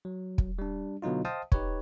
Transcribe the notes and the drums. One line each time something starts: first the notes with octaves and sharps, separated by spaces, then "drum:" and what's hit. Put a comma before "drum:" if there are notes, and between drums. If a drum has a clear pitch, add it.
F#3
drum: kick
G3 D4
B2 D3 F#3 D#4 F4
C5 D#5 F5 G5 A5 D#6
D#4 G4 B4 C#5, drum: kick